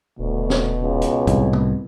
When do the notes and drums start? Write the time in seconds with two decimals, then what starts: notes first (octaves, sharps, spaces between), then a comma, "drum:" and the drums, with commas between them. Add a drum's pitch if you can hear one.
0.19 D#1 D2 B2
0.50 drum: snare
0.82 C#2
1.02 drum: hi-hat
1.27 C2 A2, drum: kick, hi-hat
1.53 drum: tom